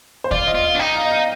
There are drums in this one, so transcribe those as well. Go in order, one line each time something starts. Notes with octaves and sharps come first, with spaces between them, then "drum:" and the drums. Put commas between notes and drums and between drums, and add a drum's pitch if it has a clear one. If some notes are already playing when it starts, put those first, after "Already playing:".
C5
F4 D5, drum: kick
D#5
F4
F5
D4
D#4 G5
F5
D#5
F5